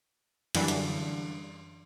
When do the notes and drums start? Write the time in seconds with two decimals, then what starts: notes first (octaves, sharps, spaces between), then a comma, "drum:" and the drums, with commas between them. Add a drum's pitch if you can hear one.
0.55 F#2 D3 E3 G3 D4, drum: cymbal
0.68 drum: hi-hat